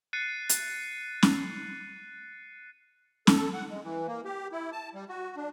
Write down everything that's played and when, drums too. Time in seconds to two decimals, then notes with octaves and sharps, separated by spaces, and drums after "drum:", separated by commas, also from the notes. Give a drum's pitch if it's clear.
0.13 F#6 A6 C7 C#7 D#7
0.49 drum: hi-hat
1.23 drum: snare C#4
3.27 A4, drum: snare C#4
3.53 F#5
3.70 G#3
3.84 E3
4.08 A#3
4.25 G4
4.52 E4
4.72 A5
4.95 G3
5.09 F#4
5.36 D4